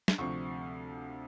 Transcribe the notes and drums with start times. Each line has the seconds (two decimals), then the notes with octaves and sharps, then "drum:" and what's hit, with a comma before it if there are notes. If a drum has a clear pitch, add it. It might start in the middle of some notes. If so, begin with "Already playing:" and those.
0.08 drum: snare
0.18 D2 C3 F3 C#6